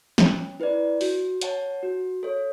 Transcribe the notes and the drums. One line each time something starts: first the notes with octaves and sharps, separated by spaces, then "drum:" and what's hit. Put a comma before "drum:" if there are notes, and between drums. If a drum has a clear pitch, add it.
C#4, drum: snare
E4 B4 D5
F#4, drum: open hi-hat
C#5 F#5 A5, drum: hi-hat
F#4
A4 C#5